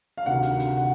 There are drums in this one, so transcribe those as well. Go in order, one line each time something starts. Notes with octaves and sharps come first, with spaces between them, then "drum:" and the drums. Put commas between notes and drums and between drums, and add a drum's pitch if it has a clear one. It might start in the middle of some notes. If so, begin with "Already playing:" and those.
F5
D2 C3 D#3 F#5
drum: hi-hat
drum: hi-hat
F#5